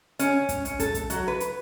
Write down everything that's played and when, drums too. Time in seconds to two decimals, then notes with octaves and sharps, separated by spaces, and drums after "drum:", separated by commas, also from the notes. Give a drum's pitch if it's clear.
0.19 C#4, drum: hi-hat
0.49 drum: kick, hi-hat
0.65 C#4, drum: hi-hat
0.80 A4, drum: kick, hi-hat
0.95 drum: kick, hi-hat
1.10 F#3, drum: hi-hat
1.28 B4
1.40 drum: hi-hat